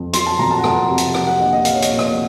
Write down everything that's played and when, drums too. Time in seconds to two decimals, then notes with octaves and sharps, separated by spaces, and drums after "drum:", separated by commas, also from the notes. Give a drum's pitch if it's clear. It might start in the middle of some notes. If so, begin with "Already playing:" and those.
Already playing: F2
0.13 F#3 C6, drum: hi-hat
0.26 A5
0.39 F2 A#5
0.51 A5
0.59 F#5
0.64 F2 A5, drum: rim click
0.89 C3
0.98 drum: hi-hat
1.14 F3 F#5, drum: rim click
1.27 F#5
1.39 A#1 D#5
1.53 D#5
1.65 A#1 F5, drum: hi-hat
1.74 C#5
1.82 D#5, drum: hi-hat
1.90 A#2
1.99 D#5, drum: rim click